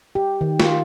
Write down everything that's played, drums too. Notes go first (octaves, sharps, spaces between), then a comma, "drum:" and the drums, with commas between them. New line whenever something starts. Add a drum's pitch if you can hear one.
G4
D#3
F4, drum: snare